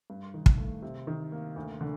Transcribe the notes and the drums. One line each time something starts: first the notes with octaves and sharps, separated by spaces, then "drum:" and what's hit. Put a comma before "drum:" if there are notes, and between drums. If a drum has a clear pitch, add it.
G2
D#3
drum: kick
A3
C3
D#3
A#3
D2
D3